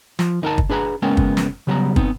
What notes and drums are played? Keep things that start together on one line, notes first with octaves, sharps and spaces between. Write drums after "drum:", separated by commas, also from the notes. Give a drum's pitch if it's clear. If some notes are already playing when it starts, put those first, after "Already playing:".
F3, drum: snare
D2 D#4 A#4 F#5 A5
drum: kick
D4 G#4 B4 F#5 A#5
C#2 G#3 A#3 B3 C#4 G5
drum: kick
drum: snare
C#3 F#3 G3 B3 F#5 A#5
B3 C4 D#4, drum: kick